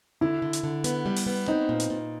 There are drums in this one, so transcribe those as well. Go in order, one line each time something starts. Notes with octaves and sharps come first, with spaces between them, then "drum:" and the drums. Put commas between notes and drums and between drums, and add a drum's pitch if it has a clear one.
D3 E4
D3
drum: hi-hat
D3
B3, drum: hi-hat
G3
drum: open hi-hat
B3
C4 D#4
A#2
drum: hi-hat
A#2